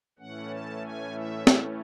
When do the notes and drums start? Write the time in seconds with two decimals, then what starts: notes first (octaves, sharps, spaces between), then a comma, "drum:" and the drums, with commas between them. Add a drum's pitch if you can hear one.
0.19 A2 E3 A3 C#4 F#5
0.50 A5
0.83 G#5
1.14 E5
1.47 drum: snare